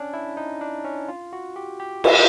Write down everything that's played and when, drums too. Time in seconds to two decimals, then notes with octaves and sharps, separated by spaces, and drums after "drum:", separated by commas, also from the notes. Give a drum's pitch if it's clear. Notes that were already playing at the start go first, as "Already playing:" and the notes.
Already playing: C#4 D4
0.14 E4
0.37 D#4
0.61 D4
0.85 C#4
1.08 F4
1.33 F#4
1.56 G4
1.80 G4
2.04 drum: cymbal